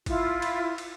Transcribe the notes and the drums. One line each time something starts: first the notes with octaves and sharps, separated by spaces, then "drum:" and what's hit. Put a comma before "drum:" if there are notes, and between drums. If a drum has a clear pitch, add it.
E4 F4, drum: kick G#1, cymbal
drum: cymbal
drum: cymbal